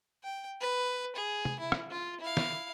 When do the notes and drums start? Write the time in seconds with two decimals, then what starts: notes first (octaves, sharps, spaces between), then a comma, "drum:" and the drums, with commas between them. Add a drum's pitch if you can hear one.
0.24 G5
0.61 B4
1.16 G#4
1.45 drum: tom
1.60 E4
1.72 drum: rim click
1.91 F4
2.20 E4 F5
2.37 drum: snare